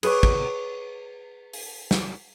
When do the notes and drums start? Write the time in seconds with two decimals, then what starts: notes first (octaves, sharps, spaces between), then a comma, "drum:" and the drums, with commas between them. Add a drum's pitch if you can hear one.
0.03 G#4 B4 C#5 C#6 D6, drum: cymbal
0.23 drum: kick
1.53 drum: open hi-hat
1.91 drum: snare